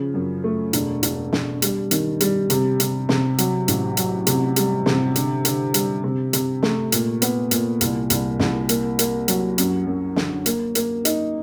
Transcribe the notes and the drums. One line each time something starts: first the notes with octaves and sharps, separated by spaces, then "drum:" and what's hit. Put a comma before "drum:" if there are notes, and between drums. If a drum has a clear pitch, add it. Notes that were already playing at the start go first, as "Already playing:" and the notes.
Already playing: C#3 F3
F#2
A3
E1, drum: hi-hat
E1, drum: hi-hat
E1, drum: snare
G3, drum: hi-hat
D#3, drum: hi-hat
G3, drum: hi-hat
C3, drum: hi-hat
C3, drum: hi-hat
C3, drum: snare
F#3, drum: hi-hat
A1, drum: hi-hat
F#3, drum: hi-hat
C3, drum: hi-hat
G3, drum: hi-hat
C3, drum: snare
D3, drum: hi-hat
D3, drum: hi-hat
G3, drum: hi-hat
C3
C3, drum: hi-hat
A3, drum: snare
A#2, drum: hi-hat
B3, drum: hi-hat
A#2, drum: hi-hat
C2, drum: hi-hat
C2, drum: hi-hat
C2, drum: snare
A#3, drum: hi-hat
A#3, drum: hi-hat
F#3, drum: hi-hat
F#2, drum: hi-hat
F#2
D3, drum: snare
A#3, drum: hi-hat
A#3, drum: hi-hat
D#4, drum: hi-hat